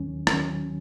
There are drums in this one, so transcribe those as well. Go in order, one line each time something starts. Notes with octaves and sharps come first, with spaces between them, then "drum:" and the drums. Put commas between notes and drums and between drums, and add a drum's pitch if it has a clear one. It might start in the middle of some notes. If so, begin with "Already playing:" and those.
Already playing: D#2 D#3 F#3 C#4
D#3 F#3 C#4, drum: rim click